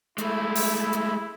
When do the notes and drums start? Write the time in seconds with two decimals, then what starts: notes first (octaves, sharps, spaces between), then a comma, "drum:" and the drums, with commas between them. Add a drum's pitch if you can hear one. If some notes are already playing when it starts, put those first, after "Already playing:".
0.18 G#3 A3 E4, drum: hi-hat
0.55 drum: open hi-hat
0.93 drum: hi-hat